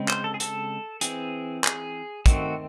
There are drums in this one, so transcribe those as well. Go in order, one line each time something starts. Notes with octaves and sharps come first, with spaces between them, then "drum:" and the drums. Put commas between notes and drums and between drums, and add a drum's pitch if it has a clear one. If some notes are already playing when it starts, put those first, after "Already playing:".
Already playing: C#3 G#3 C4
C5, drum: clap
A4
G#4
A4, drum: hi-hat
E3 C4 G#4, drum: hi-hat
G#4, drum: clap
D#3 A3 C4 F#4, drum: kick, hi-hat